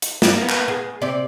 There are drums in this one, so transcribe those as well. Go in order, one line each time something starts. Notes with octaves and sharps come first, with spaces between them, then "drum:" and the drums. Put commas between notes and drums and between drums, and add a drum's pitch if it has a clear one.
drum: hi-hat
G2 G3 A#3, drum: snare
A#3 B3
drum: clap
G#4
C3 G4 D5